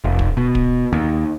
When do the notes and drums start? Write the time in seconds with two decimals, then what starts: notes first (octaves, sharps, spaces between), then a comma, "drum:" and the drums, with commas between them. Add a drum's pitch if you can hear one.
0.04 F1
0.19 drum: kick
0.37 B2
0.55 drum: kick
0.93 D#2